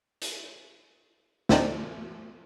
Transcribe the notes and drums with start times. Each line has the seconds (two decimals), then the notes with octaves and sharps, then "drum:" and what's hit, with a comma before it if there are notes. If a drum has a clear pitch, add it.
0.22 drum: hi-hat
1.49 D2 A2 C4 D4 D#4, drum: snare